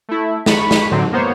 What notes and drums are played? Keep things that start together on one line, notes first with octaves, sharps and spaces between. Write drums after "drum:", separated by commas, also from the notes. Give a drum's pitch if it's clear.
A3 E4
B5 C#6, drum: snare
drum: snare
A2 D3 F#3 C4
A#3 B3 C5 C#5